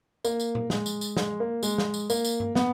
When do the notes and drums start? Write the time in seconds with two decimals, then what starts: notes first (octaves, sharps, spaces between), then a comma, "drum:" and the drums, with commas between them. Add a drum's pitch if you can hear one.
0.25 A#3, drum: tambourine
0.40 drum: tambourine
0.55 drum: tom A#2
0.70 G#3, drum: snare
0.86 drum: tambourine
1.01 drum: tambourine
1.17 G#3, drum: snare
1.40 A#3
1.63 G#3, drum: tambourine
1.78 drum: snare
1.94 drum: tambourine
2.10 A#3, drum: tambourine
2.25 drum: tambourine
2.40 drum: tom G2
2.55 B3, drum: snare